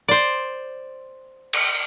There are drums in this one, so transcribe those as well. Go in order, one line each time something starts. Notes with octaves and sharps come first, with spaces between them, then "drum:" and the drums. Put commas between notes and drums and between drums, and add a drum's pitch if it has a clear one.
C5 D5
drum: cymbal